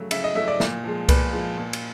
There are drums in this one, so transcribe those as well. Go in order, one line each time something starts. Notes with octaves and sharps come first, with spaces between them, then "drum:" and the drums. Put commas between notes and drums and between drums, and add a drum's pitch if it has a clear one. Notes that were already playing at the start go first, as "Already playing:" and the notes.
Already playing: C#3 F#3 A3
C#3 E5, drum: cymbal
D#5
F#3 A3 E5
D5
A#2, drum: snare
F3 G#3
A#2 B4, drum: kick C2, cymbal
F3 G#3
A#2
drum: cymbal